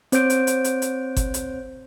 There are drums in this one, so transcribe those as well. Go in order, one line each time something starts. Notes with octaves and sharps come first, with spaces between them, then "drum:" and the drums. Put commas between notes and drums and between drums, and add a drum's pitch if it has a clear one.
C4 C5 C#5 G6 D7, drum: hi-hat
drum: hi-hat
drum: hi-hat
drum: hi-hat
drum: hi-hat
drum: kick G1, hi-hat
drum: hi-hat